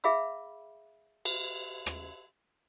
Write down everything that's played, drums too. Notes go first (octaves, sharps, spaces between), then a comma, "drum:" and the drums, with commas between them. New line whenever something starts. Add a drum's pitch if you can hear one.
G#4 E5 F5 B5 E6
drum: cymbal
drum: rim click